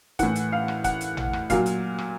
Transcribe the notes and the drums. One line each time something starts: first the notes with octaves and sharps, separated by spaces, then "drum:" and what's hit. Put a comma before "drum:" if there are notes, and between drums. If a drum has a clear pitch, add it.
A2 E3 F#5, drum: kick, hi-hat
drum: hi-hat
F5
drum: rim click
F#5, drum: kick, hi-hat
drum: hi-hat
drum: tom A1
drum: rim click
A#2 F#3 F5, drum: kick, hi-hat
drum: hi-hat
drum: rim click